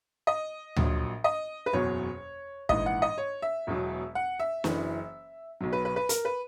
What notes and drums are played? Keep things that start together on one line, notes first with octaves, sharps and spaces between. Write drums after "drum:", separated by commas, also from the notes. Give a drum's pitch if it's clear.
D#5
A#1 A#2 F#3, drum: tom D2
D#5
B4
F#1 E2 B2 F#3 C#5
A#1 G#2 E3 D#5, drum: kick
F#5
D#5
C#5
E5
E1 E2 B2 F#3
F#5
E5
F#1 F#2 E3, drum: snare
B1 B2 F#3
B4
B4
B4
A#4, drum: hi-hat
B4